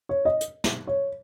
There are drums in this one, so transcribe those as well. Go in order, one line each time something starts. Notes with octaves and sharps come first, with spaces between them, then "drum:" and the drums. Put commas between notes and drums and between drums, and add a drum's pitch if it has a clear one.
C#5
D#5
drum: hi-hat
drum: snare
C#5